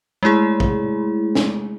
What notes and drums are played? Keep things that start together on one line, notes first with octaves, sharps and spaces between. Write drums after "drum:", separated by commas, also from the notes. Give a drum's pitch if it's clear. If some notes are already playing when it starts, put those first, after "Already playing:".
G#3 A3 E4 G#4
drum: kick
drum: snare